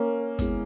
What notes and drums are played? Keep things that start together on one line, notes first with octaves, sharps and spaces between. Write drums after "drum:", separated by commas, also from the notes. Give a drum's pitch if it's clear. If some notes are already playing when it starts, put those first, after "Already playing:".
Already playing: A#3 C#4
G#3 B3 E4 G#4, drum: kick, hi-hat